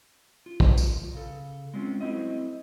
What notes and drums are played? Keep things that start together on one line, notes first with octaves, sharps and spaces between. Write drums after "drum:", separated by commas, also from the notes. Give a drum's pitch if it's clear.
F4
drum: kick
drum: tambourine
C#3 A4
G#3 C4 C#4 F4
F#3 A3 C4 E4 D#5